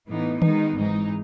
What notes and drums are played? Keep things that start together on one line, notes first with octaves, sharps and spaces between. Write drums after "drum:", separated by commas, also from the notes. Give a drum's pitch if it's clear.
A2 E3 B3 D#4
D#3 G#3 B3 D#4, drum: tom D#3
G#1 G#2 E3 G#3 D#4